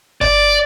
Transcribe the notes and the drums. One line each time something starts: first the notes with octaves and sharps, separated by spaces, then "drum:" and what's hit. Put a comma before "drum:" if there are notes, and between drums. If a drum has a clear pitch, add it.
D5, drum: kick G1